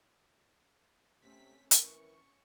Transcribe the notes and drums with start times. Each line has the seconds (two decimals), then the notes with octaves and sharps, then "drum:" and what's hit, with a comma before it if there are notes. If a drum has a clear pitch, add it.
1.23 C3 A3 C4 C#4 B6
1.71 E3 A#4 C#6, drum: hi-hat